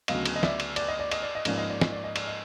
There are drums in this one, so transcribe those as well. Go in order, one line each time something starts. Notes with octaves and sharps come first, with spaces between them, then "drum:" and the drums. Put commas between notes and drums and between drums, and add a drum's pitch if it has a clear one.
D2 C#3 F#3 B3 D#5 F5, drum: cymbal
drum: cymbal
D#5
D5 E5, drum: snare
drum: cymbal
D5, drum: cymbal
D#5
D5
D#5, drum: cymbal
D5
D#5
G#2 F3 A#3 C#4 D5, drum: cymbal
D#5
D5
D#5, drum: snare
D5
D#5
D5, drum: cymbal
D#5